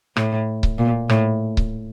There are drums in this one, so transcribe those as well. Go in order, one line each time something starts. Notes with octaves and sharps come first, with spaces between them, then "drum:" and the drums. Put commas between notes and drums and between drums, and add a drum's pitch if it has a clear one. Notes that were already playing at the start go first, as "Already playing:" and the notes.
A2, drum: rim click
drum: kick C#1
A#2
A2, drum: rim click
drum: kick C#1